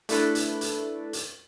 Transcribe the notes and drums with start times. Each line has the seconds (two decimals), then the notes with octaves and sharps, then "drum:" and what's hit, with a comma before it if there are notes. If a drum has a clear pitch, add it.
0.09 A3 D4 E4 A4 B4, drum: hi-hat
0.35 drum: hi-hat
0.61 drum: hi-hat
1.13 drum: hi-hat